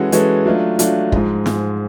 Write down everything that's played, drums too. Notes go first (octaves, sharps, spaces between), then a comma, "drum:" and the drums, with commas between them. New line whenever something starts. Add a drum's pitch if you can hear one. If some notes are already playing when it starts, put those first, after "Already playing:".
Already playing: E3 G#3 C#4 F#4 A4
E3 G#3 C#4 F#4 A4, drum: hi-hat
F#3 A3 D4 F4
F#3 A3 D4 F4, drum: hi-hat
G#2 F3 G#3, drum: kick
G#2 F3 G#3, drum: snare